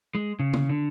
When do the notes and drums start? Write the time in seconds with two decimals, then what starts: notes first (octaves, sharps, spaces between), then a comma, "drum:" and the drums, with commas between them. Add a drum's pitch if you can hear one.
0.15 G#3
0.39 C#3
0.53 drum: tom D3
0.69 D3